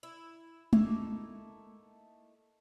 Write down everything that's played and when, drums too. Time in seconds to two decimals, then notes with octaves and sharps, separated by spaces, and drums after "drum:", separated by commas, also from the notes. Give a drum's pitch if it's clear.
0.03 E4
0.73 A3 A#3 D#4 E4, drum: tom